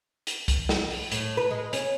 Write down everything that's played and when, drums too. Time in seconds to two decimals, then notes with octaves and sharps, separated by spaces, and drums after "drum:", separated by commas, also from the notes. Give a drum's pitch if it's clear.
0.27 drum: hi-hat
0.48 drum: kick, hi-hat
0.69 drum: snare
0.90 drum: open hi-hat
1.12 A2, drum: hi-hat
1.37 B4
1.51 G#3
1.73 C#4, drum: hi-hat